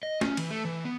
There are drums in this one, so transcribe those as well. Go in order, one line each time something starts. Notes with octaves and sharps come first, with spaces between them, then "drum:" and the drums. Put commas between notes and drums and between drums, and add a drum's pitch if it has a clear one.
D#5
C#4, drum: snare
E3, drum: cymbal
A3
E3
B3